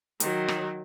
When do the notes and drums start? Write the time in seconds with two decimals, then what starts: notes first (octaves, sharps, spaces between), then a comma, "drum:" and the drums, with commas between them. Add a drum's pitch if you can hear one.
0.20 D#3 F#3, drum: hi-hat
0.48 drum: rim click